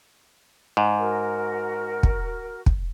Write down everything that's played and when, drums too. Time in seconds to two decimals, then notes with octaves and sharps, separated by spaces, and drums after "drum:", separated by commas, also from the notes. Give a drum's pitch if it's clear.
0.77 G#2
0.98 F#4 A#4
2.03 drum: kick
2.66 drum: kick